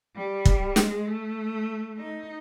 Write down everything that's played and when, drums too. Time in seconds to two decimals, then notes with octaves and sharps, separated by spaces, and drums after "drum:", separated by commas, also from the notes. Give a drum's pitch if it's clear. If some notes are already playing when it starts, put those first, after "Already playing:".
0.15 G3
0.45 drum: kick
0.76 G#3, drum: snare
1.07 A3
1.97 D#4